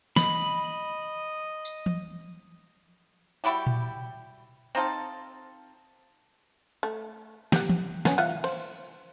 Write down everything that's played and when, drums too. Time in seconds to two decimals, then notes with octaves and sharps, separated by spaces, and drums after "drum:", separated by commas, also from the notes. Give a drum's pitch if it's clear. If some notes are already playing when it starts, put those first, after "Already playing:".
0.16 D#5 B5, drum: snare
1.65 drum: tambourine
1.86 drum: tom E3
3.44 G3 E4 F#4 G4
3.67 drum: tom A#2
4.75 C4 D#4 F4 A4
6.83 A3
7.52 G4 F#5, drum: snare
7.69 drum: tom E3
8.05 B3 C#4, drum: snare
8.18 F4 E5 F#5
8.30 drum: hi-hat
8.44 C5, drum: cymbal